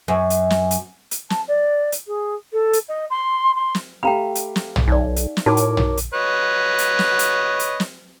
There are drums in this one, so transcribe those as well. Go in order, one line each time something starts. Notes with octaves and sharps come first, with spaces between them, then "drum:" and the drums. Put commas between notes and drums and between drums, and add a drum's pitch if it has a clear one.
F#2
drum: hi-hat
drum: snare
drum: hi-hat
drum: hi-hat
A5, drum: snare
D5
drum: hi-hat
G#4
A4
drum: hi-hat
D#5
C6
C6
drum: snare
A3 G4 F5 G5 A#5 B5
drum: hi-hat
drum: snare
drum: tom
B1 D#4 D5
drum: hi-hat
drum: snare
A2 D#4 F#4 A#4 C#5 A5 D6
drum: hi-hat
drum: tom
drum: hi-hat
B4 C#5 D#5
drum: hi-hat
drum: snare
drum: hi-hat
drum: hi-hat
drum: snare